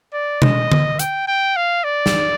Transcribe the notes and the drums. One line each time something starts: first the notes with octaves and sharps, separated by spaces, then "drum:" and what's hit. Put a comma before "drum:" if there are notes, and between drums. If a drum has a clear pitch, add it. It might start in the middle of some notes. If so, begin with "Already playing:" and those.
D5
D#5, drum: tom B2
drum: tom D3
G5, drum: hi-hat
G5
F5
D5
drum: snare